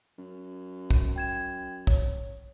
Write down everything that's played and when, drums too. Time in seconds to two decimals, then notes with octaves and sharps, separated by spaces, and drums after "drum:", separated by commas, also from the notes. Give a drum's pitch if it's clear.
0.18 F#2
0.90 drum: kick
1.16 G5 G#6 E7
1.87 C#5, drum: kick